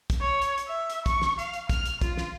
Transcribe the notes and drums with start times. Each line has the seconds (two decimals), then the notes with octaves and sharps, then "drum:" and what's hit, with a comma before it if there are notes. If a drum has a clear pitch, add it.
0.10 drum: kick, hi-hat
0.20 C#5
0.42 drum: hi-hat
0.58 drum: hi-hat
0.68 E5
0.90 drum: hi-hat
1.06 C#6, drum: kick, hi-hat
1.22 drum: snare
1.39 F5, drum: hi-hat
1.54 drum: hi-hat
1.69 F6, drum: kick, hi-hat
1.86 drum: hi-hat
2.01 F4, drum: kick, hi-hat
2.17 drum: snare